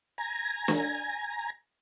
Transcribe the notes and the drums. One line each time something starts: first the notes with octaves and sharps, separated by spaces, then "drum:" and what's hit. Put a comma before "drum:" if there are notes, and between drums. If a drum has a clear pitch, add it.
G#5 A#5
drum: snare